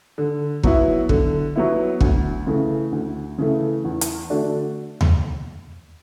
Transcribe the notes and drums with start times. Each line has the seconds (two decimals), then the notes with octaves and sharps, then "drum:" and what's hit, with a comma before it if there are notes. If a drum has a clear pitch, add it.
0.18 D3
0.63 F#3 B3 E4, drum: kick
1.09 D3, drum: kick
1.56 F#3 B3 E4
2.01 D2, drum: kick
2.47 C#3 E3 A3
2.92 D2
3.38 C#3 E3 A3
3.84 E2
4.01 drum: hi-hat
4.30 D3 A3 D4 F#4
5.01 drum: tom D#2